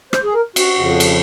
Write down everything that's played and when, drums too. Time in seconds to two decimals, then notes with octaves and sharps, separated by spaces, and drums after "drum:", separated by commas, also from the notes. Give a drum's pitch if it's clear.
0.13 C5, drum: rim click
0.24 G#4
0.34 A#4
0.56 F#4, drum: cymbal
0.78 F2 C#3 F3
1.00 drum: cymbal